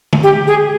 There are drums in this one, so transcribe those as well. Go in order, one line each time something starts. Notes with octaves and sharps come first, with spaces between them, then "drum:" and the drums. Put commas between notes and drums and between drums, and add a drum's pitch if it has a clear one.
drum: tom D3
G4
G#4